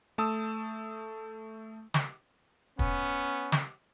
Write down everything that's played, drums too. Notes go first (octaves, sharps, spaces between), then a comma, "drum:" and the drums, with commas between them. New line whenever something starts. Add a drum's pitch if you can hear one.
A3 A5 D#6 E6
drum: snare
B3 C#4, drum: kick
drum: snare